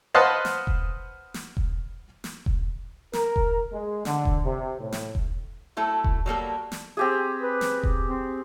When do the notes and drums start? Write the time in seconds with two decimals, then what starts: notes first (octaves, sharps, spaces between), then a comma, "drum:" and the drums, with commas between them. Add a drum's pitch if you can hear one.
0.14 B4 C5 D#5 F5 F#5 A5
0.45 drum: snare
0.67 drum: kick E1
1.34 drum: snare
1.57 drum: kick E1
2.24 drum: snare
2.46 drum: kick E1
3.13 A#4, drum: snare
3.36 drum: kick E1
3.72 G#3
4.05 D3, drum: snare
4.25 drum: kick E1
4.44 C3
4.80 A2
4.92 drum: snare
5.15 drum: kick E1
5.77 F#3 A3 E4 A4
6.04 drum: kick E1
6.26 F#3 G3 A#3 A4
6.72 drum: snare
6.97 C4 G4 G#4
7.42 B4
7.61 drum: snare
7.83 drum: kick E1
8.06 C4